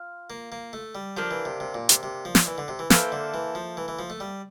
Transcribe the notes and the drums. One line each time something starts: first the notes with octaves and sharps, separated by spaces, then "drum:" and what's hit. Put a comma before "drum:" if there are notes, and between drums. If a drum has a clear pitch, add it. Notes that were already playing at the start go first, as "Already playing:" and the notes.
Already playing: F4
A#3
A#3
A3
G3
F3 A#3 D4 G4
E3
C3
C3
A#2
C3, drum: hi-hat
C3
F3
drum: snare
E3
D3
C3
E3
E3 A#3 E4 A4 C5, drum: snare
D3
E3
F3
E3
E3
F3
A3
G3